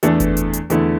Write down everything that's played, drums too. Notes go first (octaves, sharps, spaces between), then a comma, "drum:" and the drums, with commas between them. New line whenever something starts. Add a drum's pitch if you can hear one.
E2 E3 A3 D4 A4, drum: hi-hat
drum: kick F#1, hi-hat
drum: hi-hat
drum: hi-hat
E2 D3 A3 E4, drum: hi-hat